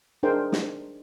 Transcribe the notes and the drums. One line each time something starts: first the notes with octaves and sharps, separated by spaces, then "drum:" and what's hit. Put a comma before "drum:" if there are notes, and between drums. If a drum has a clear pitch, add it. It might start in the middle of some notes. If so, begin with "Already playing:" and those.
D4 D#4 G#4 A#4 C5 G5
drum: snare